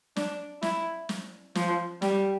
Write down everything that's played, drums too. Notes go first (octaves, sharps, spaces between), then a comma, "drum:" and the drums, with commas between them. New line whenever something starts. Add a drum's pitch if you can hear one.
D4, drum: snare
E4, drum: snare
drum: snare
F3, drum: snare
G3, drum: snare